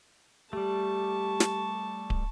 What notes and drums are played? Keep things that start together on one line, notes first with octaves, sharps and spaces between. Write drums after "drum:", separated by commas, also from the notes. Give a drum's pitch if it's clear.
G3 A3 G4 A5 C#6
drum: snare
drum: kick